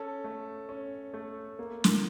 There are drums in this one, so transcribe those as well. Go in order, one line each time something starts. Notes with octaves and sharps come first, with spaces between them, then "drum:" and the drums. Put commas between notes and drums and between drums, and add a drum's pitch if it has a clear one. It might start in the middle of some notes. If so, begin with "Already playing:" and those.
Already playing: C#4 A4
A3
C#4
A3
A#3
drum: snare